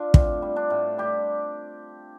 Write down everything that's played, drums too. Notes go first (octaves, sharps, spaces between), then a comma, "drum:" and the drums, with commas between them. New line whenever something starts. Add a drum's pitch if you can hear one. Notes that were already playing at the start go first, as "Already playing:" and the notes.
Already playing: D4 F4
A2 C4, drum: kick
G3
D4
A2
G3 G4